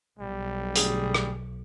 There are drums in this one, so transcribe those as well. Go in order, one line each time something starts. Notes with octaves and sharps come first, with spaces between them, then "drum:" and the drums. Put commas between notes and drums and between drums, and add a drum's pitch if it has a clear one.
B1 G3
D2 G#4, drum: hi-hat
drum: rim click